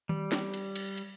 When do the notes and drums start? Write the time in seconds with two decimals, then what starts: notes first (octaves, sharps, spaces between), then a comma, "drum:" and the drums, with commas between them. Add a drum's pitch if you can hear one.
0.09 G3, drum: tom D#3
0.32 drum: snare
0.54 drum: cymbal
0.76 drum: cymbal
0.97 drum: cymbal